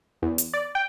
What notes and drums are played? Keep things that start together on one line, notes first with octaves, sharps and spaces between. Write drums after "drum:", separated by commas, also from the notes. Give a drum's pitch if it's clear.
E2
drum: hi-hat
D5
G5